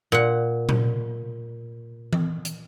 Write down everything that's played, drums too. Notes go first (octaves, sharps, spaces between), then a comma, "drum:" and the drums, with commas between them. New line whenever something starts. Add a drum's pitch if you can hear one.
A#2 F#5
drum: tom A#2
drum: tom E3
drum: hi-hat